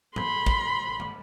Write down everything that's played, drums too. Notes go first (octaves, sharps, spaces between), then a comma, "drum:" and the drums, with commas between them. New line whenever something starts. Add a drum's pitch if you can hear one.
B5 C6, drum: tom G2
drum: kick
drum: tom G2